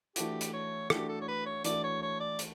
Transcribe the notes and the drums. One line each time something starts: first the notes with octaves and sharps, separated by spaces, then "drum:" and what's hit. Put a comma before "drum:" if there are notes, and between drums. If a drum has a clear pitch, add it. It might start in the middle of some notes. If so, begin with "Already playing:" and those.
E3 A3 D4 F#4 G4, drum: hi-hat
drum: hi-hat
C#5
E3 A3 D4 F#4 G4, drum: rim click
A4
C#5
B4
C#5
E3 A3 D4 F#4 D5, drum: hi-hat
C#5
C#5
D5
drum: hi-hat